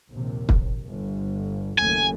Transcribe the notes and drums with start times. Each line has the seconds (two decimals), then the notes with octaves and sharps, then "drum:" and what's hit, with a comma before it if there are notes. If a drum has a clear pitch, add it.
0.12 A#1 D#2 C3
0.49 drum: kick
0.85 G1
1.78 F#1 D#2 A3 G#5